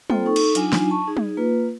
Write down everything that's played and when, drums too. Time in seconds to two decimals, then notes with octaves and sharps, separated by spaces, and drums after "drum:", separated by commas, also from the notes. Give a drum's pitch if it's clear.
0.10 A#3 C4 F4 A4 C5 G5, drum: tom
0.26 D#4 A4 C#6
0.36 drum: cymbal
0.55 F#3 D4 D#4 F4 G#5, drum: hi-hat
0.73 drum: snare
0.90 A5 C#6
1.07 D#4 G#4
1.17 drum: tom
1.37 A#3 F4 B4